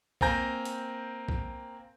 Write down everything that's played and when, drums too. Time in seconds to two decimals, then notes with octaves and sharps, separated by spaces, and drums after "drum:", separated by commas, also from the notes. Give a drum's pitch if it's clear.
0.21 A#3 C4 G#5 A#5 G6 A#6, drum: kick
0.65 drum: hi-hat
1.29 drum: kick